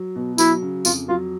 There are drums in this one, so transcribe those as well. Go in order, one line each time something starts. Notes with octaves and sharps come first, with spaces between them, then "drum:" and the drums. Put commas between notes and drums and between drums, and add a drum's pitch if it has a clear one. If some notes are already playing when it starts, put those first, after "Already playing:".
Already playing: F#3
B2
F#3 E4, drum: tambourine
C#3
F2 F4, drum: tambourine
F#3 F4